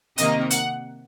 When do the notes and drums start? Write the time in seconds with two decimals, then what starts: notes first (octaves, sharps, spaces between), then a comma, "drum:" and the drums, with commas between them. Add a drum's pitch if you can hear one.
0.18 C3 D#3 A#3 D#4 D#5, drum: hi-hat
0.50 F#5, drum: hi-hat